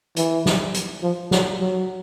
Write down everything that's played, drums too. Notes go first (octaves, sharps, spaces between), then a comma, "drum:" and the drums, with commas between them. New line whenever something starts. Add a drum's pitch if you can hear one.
E3, drum: hi-hat
drum: snare
drum: hi-hat
F3
F#3, drum: snare
F#3